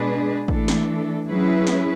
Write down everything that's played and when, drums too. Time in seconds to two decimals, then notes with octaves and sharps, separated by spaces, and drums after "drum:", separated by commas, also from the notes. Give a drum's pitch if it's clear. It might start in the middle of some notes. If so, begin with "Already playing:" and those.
Already playing: B2 G#3 D4 G#4 B4
0.48 E3 A3 D4 A4, drum: kick
0.68 drum: snare
1.27 F#3 C#4 E4 G#4 B4
1.67 drum: snare